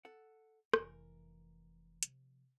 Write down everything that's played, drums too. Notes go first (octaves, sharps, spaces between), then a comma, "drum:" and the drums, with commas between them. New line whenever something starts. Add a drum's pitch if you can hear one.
A4 F#5
F1 E3 A#4, drum: rim click
C3 F3, drum: hi-hat